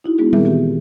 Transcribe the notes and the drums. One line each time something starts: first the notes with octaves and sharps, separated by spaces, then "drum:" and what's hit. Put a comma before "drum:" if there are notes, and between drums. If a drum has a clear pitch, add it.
D#4 E4 F#4
G#3 B3 D4 F#4 G#4
A#2 D#3 C4 G#4 A#4 E5, drum: tom G3
E3 B3 F#4 G4